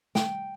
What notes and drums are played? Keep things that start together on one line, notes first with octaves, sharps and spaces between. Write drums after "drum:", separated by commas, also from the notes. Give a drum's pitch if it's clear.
G5, drum: snare